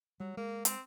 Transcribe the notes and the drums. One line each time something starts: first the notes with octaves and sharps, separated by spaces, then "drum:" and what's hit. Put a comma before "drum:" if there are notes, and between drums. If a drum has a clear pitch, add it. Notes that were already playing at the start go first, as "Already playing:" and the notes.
F#3 G3
G#3 A#3
C4, drum: hi-hat